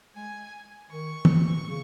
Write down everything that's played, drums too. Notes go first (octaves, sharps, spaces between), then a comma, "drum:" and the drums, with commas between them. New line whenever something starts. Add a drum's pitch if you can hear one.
G#3 G#5
D#3 C#6
drum: tom
C#3